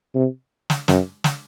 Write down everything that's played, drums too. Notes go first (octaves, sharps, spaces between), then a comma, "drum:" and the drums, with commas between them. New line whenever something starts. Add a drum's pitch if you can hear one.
C3
drum: snare
F#2, drum: snare
drum: snare